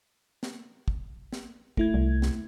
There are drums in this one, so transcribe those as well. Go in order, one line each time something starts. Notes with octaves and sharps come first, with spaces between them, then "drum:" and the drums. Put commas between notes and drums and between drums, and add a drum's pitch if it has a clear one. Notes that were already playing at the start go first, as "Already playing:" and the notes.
drum: snare
drum: kick
drum: snare
A3 E4 G#6, drum: kick
C2
drum: snare